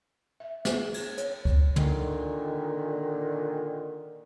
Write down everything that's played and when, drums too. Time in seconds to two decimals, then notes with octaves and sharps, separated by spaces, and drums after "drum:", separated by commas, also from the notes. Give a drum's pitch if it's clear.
0.40 E5
0.65 G#4, drum: snare
0.94 drum: cymbal
1.18 C#5, drum: hi-hat
1.45 drum: kick C#2
1.76 A#2 D3 D#3, drum: tom